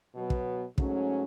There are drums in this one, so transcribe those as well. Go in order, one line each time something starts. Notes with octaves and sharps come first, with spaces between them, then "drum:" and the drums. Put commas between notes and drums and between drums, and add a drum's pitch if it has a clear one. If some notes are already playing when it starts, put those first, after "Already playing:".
B2 F#3 B3
drum: kick
G#2 F#3 A3 C#4, drum: kick